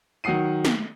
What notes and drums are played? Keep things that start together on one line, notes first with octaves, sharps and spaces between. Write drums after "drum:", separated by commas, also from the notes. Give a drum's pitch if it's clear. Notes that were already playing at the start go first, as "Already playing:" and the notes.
D#3 F#3 F#5 D#6 C7 D#7
drum: snare